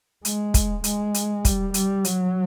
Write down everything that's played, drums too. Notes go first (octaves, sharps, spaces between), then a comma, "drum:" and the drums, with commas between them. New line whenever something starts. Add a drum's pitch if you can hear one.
G#3, drum: hi-hat
drum: kick, hi-hat
G#3, drum: hi-hat
drum: hi-hat
G3, drum: kick, hi-hat
G3, drum: hi-hat
F#3, drum: hi-hat